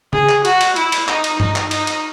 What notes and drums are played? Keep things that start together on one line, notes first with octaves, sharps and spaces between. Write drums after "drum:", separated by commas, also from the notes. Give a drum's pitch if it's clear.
G#4, drum: tom C#3
drum: clap
F#4, drum: cymbal
drum: cymbal
E4, drum: cymbal
drum: cymbal
D#4, drum: clap
drum: cymbal
D#4, drum: tom G2
drum: clap
D#4, drum: cymbal
drum: cymbal